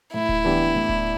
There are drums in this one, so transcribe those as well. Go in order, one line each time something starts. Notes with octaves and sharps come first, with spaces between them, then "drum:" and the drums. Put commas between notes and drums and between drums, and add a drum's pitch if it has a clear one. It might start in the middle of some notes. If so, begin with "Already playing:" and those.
A2 E4
drum: kick D1
E3 B3 D4 G4
A2
drum: kick D1